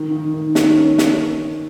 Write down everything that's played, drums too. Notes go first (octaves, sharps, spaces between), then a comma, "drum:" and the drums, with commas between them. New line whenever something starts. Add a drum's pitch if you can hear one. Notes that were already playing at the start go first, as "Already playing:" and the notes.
Already playing: D#3
D#3
D#3
D#3, drum: snare
C#4
drum: snare